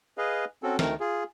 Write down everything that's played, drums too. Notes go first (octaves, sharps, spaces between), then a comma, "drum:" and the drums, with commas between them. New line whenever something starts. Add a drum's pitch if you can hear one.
G#4 B4 D#5 F5
C4 C#4 F#4 A4
D2 D#3 A3 A#4, drum: snare
F4 G#4